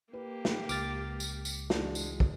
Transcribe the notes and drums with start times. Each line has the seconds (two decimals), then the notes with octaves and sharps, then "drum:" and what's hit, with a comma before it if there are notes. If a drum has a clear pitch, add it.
0.13 A#3 G4 B4
0.45 drum: snare
0.69 C#2 D6 F6 A6, drum: tambourine
1.20 drum: tambourine
1.45 drum: tambourine
1.70 E3 G#3 D4 F#4, drum: snare
1.95 drum: tambourine
2.20 drum: kick